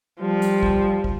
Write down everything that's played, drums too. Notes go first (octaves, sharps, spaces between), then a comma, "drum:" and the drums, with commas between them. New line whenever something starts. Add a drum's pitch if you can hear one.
F3 G3
drum: hi-hat
drum: kick
drum: kick